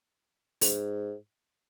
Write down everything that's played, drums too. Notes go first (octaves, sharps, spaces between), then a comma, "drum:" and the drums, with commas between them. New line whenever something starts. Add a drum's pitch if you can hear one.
G#2, drum: open hi-hat